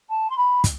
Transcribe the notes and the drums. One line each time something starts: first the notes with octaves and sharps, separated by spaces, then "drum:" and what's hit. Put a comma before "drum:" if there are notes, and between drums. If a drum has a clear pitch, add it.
A5
C6
B5
drum: kick, hi-hat